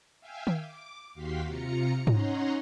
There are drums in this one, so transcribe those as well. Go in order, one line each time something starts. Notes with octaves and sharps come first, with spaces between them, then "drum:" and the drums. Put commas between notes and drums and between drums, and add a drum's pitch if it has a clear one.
E5 F5 G5 G#5
drum: tom D#3
D6
D#2 F#4 G4 F5 C6 B6
C3 F4 A#5 C#7
C#4 D#4 C#5 F#5 A#5 C6, drum: tom G#2